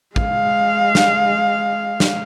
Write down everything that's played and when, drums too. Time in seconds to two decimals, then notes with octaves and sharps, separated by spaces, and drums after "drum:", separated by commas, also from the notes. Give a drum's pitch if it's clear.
0.16 G#3 F5, drum: kick
0.95 drum: snare
2.00 drum: snare